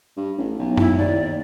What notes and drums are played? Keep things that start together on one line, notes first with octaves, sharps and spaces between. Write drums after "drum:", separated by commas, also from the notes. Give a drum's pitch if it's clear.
G2
A1
B1
E4, drum: tom F#2
D#2 D5